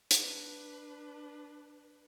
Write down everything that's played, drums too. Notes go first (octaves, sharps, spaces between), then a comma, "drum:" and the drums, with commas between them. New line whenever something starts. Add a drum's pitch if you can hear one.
D4 B4, drum: hi-hat